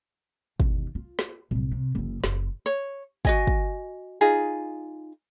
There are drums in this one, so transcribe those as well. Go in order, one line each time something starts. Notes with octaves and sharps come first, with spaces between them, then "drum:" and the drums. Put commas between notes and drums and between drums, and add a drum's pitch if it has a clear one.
E1 D#2, drum: kick
F4
drum: snare
C2 F#3, drum: tom A2
C3
F#1 E3
F#1, drum: snare
C#5
F#4 D#5 G#5, drum: kick
drum: kick
D#4 F4 G#4